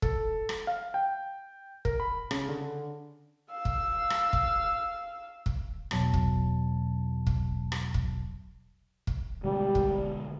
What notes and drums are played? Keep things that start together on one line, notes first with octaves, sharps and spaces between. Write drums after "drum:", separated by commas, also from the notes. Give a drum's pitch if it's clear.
A4, drum: kick
drum: rim click
F5
G5
A#4, drum: kick
B5
C#3, drum: rim click
D3
F5 E6
drum: kick
drum: rim click
drum: kick
drum: kick
G1 E2 B2 F#3 A5, drum: rim click
drum: kick
drum: kick
drum: rim click
drum: kick
drum: kick
B2 D3 G3 G#3
drum: kick